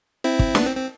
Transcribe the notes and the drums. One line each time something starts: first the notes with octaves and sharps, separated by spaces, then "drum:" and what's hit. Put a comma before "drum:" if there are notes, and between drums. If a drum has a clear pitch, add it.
C4 E4
drum: kick
B3 D4, drum: snare
C4
C4